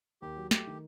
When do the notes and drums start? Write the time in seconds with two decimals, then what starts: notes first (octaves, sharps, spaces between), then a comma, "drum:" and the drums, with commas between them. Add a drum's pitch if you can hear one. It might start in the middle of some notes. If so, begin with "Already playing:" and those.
0.22 D#2 G4
0.37 F#3
0.51 A3 G4, drum: snare
0.67 D#3